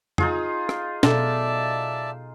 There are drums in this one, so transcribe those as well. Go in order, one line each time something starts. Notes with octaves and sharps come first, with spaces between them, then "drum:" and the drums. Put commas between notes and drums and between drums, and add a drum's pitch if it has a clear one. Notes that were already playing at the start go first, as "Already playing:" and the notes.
D#4 F4 G#4, drum: tom F2
drum: rim click
B2 A4 D5 E5 A5, drum: snare